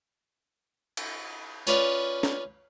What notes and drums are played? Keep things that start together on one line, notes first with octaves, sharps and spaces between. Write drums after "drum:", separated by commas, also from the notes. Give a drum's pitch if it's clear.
drum: cymbal
C#4 F4 B4 C#5 D5 F5, drum: tambourine
drum: snare